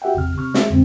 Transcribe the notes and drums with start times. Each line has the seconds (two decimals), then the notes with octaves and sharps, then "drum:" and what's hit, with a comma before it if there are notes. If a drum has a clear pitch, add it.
0.02 F#4 G4 E5 F#5 G5
0.15 G#1 E2 C3 F6
0.37 C3 C#6 F6
0.54 G#3 G#4 E5, drum: snare
0.70 F2 A2 D3 G#3 C4